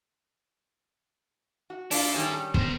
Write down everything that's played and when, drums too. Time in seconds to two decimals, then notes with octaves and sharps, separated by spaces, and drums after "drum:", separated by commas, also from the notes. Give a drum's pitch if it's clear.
1.70 F#4
1.91 D4 E4 F4 A4, drum: open hi-hat
2.14 D#3 G3 C#4
2.54 D3 B3 A#4 C5, drum: kick